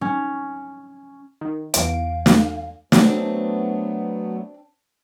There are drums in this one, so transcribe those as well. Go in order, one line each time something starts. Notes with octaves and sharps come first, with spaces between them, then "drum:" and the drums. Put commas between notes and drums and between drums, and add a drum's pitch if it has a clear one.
C#4
D#3
E2 F5 D7, drum: hi-hat
drum: snare
F#3 A3 B3 C4 D4, drum: snare